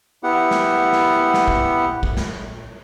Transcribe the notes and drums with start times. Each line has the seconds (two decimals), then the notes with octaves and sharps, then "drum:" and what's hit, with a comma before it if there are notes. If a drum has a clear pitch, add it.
0.23 B3 E4 G4 F#5
0.51 drum: snare
0.92 drum: snare
1.34 drum: snare
1.48 drum: kick
2.03 drum: kick
2.17 drum: snare